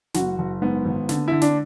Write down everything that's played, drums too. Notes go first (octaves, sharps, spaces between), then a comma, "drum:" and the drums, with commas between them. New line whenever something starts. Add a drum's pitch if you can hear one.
F#1 F#4, drum: snare
F#1
G#2 B3
G#1
D3, drum: snare
D3 E4
D4, drum: snare